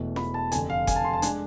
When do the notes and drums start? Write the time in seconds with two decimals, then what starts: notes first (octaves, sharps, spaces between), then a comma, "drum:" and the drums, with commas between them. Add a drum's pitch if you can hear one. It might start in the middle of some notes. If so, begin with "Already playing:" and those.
Already playing: E1 E2 B2 A3
0.16 B5, drum: snare
0.34 A5
0.52 F1 F2 D3 G#5, drum: hi-hat
0.70 F5
0.87 G#5, drum: kick F#1, hi-hat
0.96 A5
1.04 C6
1.13 A5
1.22 G#3 D4 G#5, drum: hi-hat